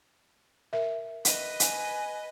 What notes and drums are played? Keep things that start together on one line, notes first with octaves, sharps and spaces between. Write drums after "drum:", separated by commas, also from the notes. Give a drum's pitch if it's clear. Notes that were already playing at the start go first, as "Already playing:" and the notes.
A#4 E5
B4 D#5, drum: hi-hat
G#5, drum: hi-hat